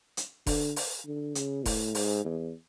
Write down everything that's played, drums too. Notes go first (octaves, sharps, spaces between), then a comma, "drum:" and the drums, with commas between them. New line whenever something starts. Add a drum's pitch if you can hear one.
drum: hi-hat
D3, drum: kick F1, open hi-hat
drum: open hi-hat
D3
C#3, drum: hi-hat
A2, drum: kick F1, open hi-hat
G#2, drum: open hi-hat
E2